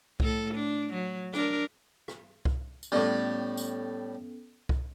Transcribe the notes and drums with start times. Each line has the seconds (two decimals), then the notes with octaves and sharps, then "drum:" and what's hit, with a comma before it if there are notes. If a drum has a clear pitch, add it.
0.20 A2 A4, drum: kick C2
0.54 D4
0.94 F#3
1.33 D4 A#4, drum: rim click
2.08 drum: rim click
2.45 drum: kick C2
2.83 drum: tambourine
2.92 A2 G3 B3 C#4 A4
3.57 drum: tambourine
4.69 drum: kick C2